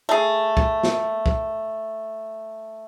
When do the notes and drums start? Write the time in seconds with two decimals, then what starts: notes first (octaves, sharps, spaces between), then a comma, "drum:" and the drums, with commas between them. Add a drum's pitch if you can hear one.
0.09 A3 G#4
0.57 drum: kick B1
0.83 drum: snare
1.26 drum: kick B1